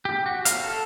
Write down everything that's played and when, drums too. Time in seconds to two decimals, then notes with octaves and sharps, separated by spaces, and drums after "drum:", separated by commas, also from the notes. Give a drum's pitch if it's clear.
0.05 G4
0.26 F#4
0.45 F5, drum: hi-hat
0.64 A4